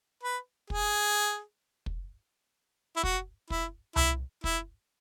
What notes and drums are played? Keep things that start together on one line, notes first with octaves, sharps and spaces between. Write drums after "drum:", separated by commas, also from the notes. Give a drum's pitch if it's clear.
B4
G#4, drum: kick
drum: kick
E4
F#4, drum: kick
E4, drum: kick
E4, drum: tom C2
E4, drum: kick